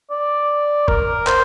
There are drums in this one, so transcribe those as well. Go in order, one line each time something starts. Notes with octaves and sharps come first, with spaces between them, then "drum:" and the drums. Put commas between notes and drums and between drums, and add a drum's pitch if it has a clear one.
D5
A#4, drum: kick
C5, drum: clap